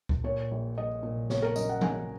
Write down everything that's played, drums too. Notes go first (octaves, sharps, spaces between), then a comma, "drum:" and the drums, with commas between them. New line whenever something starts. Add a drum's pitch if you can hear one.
drum: kick C#2
A#2 C#5
A#1
A#1 D#5
A#2
F#1 C#5, drum: snare
A#4
F#2 D#5, drum: tambourine
F#5
C#3 G#5, drum: tom E3